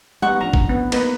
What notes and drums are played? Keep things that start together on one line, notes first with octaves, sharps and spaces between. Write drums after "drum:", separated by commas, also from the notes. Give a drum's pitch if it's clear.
G3 B3 D#4 F#5 C#6
A1 F3 D4 A#5
drum: kick G#1
B3
A#3 B3 D#4 B4, drum: cymbal